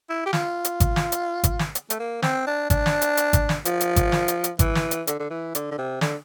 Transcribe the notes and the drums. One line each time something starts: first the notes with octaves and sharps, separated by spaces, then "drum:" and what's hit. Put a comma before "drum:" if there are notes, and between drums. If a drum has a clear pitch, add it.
E4
G4
F4, drum: snare
drum: hi-hat
drum: kick G#1, hi-hat
drum: snare
drum: hi-hat
drum: kick G#1, hi-hat
drum: snare
drum: hi-hat
A3, drum: hi-hat
A#3
C4, drum: snare
D4
D4, drum: kick G#1, hi-hat
drum: snare
drum: hi-hat
drum: hi-hat
drum: kick G#1, hi-hat
drum: snare
F3, drum: hi-hat
drum: hi-hat
drum: kick G#1, hi-hat
drum: snare
drum: hi-hat
drum: hi-hat
E3, drum: kick G#1, hi-hat
drum: snare
drum: hi-hat
D3, drum: hi-hat
D3
E3
D3, drum: hi-hat
D3
C3
D3, drum: snare